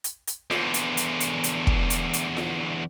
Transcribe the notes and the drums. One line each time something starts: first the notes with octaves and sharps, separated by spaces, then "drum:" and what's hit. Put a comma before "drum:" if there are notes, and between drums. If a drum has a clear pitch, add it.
drum: hi-hat
drum: hi-hat
E2 D3, drum: snare F4
drum: hi-hat
drum: hi-hat
drum: hi-hat
drum: hi-hat
drum: kick
drum: hi-hat
drum: hi-hat
drum: snare F4